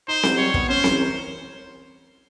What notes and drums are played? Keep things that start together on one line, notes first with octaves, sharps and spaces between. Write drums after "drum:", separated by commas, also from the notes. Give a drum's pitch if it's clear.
D#4 C5
F#3, drum: snare C4
G3 C#5
B3, drum: kick
C#4 C5
E3, drum: snare C4
A#4